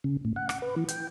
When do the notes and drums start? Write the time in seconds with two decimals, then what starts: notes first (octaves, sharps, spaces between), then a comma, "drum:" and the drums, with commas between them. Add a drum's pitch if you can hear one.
0.04 C#3
0.25 A2
0.36 F#5
0.49 F#5, drum: rim click
0.62 B4
0.76 E3
0.88 G5, drum: hi-hat